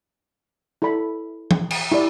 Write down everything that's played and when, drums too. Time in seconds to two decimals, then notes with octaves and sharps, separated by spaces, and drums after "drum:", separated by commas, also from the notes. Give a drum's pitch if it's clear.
0.82 E4 A4 D5 B5
1.51 drum: tom E3
1.70 drum: cymbal
1.92 E4 G4 D5